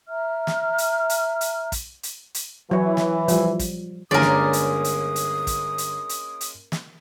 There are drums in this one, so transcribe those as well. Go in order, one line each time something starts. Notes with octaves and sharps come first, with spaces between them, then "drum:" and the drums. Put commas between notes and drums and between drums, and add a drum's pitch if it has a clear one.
E5 A#5 F6
drum: snare
drum: hi-hat
drum: hi-hat
drum: hi-hat
drum: kick, hi-hat
drum: hi-hat
drum: hi-hat
E3 F#3 C#5
drum: snare
F3 G3, drum: hi-hat
drum: kick, hi-hat
G1 G#3 A#3 C#4 A#4 D5 G#5 D#6
drum: snare
drum: hi-hat
drum: hi-hat
drum: hi-hat
drum: kick, hi-hat
drum: hi-hat
drum: hi-hat
drum: hi-hat
drum: snare